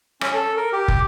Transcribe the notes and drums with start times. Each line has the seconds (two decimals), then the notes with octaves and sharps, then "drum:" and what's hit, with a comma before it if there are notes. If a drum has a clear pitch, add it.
0.21 C#4, drum: rim click
0.34 A4
0.57 A#4
0.72 G4
0.88 drum: kick